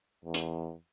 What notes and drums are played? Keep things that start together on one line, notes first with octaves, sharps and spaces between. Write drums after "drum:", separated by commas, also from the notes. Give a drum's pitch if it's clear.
E2
drum: hi-hat